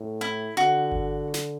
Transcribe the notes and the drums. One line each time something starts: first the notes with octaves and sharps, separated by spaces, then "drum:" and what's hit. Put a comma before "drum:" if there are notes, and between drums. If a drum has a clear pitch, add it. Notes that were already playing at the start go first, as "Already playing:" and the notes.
Already playing: A2
E4
D3 F#4
drum: kick G1
drum: snare